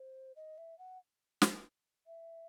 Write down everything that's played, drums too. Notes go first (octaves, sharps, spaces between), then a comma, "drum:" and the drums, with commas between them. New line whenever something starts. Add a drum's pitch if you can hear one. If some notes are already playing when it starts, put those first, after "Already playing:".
Already playing: C5
D#5
E5
F#5
drum: snare
E5